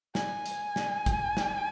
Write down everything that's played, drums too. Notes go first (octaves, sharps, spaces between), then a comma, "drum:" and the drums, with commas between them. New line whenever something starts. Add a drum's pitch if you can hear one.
G#5, drum: snare
drum: hi-hat
drum: snare
drum: kick A1, hi-hat
drum: snare